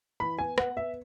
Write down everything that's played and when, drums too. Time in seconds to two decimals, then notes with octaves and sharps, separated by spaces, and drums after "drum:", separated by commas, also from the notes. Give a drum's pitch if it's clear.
0.20 E3 B5
0.39 B3 G#5
0.58 B3 F#5, drum: rim click
0.76 B3 E5